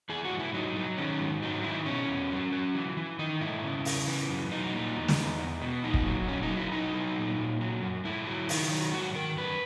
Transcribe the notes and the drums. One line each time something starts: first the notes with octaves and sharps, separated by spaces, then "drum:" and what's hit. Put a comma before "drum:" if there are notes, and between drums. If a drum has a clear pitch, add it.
E3 G#4
F#4
G#2
E4
F#3 D#4
F#3
D#3 C#4
G#2
F#3 D#4
D#3 E4
B2 C#4
E2
F#3
F#3
E3
E3
D#3 D#4
G#2 E4
C#3
C#3, drum: open hi-hat
E3
F#2
F#3 D#4
A#2
E2
drum: snare
E2
E2
B2
A#2 D#4
drum: kick
F#3
A#2 C#4
D#4
F#3
E4
F#3 D#4
F#3
A#2
A#2
F#3
F#2
G#2 E4
F#3
D#3, drum: open hi-hat
F#3
G#2 F#4
D#3 A#4
F#2 B4